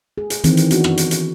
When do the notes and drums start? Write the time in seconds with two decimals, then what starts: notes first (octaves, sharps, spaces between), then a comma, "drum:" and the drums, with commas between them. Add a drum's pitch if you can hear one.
0.18 G#4
0.30 drum: hi-hat
0.44 D#3 E3 C4, drum: hi-hat
0.57 drum: hi-hat
0.71 B3 D4 F#4, drum: hi-hat
0.84 drum: rim click
0.97 drum: hi-hat
1.11 drum: hi-hat